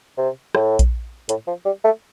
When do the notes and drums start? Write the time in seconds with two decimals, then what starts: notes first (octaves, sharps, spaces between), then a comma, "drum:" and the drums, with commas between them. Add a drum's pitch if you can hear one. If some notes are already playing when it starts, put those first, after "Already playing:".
0.18 C3
0.55 A2, drum: rim click
0.79 drum: kick A#1, hi-hat
1.29 A2, drum: hi-hat
1.47 F3
1.65 G3
1.84 A3